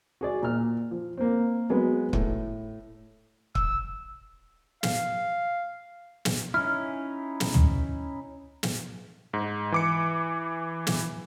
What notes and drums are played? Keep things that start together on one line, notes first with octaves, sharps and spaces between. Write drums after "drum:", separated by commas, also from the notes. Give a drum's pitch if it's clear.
F#4 G#4 D5
A#2 F6
F3
A#3 C4
F#3 G#3 B3 B4
A2, drum: kick
E6, drum: kick
F5, drum: snare
drum: snare
C#4 D#4 E4 F6
drum: snare
drum: tom
drum: snare
G#2
E3 D6 C#7
drum: snare